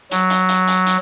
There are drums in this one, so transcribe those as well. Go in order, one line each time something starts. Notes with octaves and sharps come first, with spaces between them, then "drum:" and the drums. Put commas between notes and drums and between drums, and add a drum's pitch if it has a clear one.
F#3, drum: hi-hat
drum: hi-hat
drum: hi-hat
drum: hi-hat
drum: hi-hat